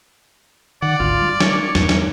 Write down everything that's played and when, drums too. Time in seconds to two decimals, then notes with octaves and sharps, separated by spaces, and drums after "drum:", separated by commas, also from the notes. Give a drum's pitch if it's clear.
0.82 D#3 D5 F#5
1.00 G#1 D2 F4
1.21 G3
1.40 C#5, drum: snare
1.75 E2 G2 E3, drum: snare
1.89 drum: snare